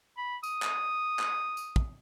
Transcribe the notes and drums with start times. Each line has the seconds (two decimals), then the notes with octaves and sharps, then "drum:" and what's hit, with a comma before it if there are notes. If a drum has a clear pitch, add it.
0.17 B5
0.44 D#6, drum: tambourine
0.62 drum: clap
1.19 drum: clap
1.57 drum: tambourine
1.76 drum: kick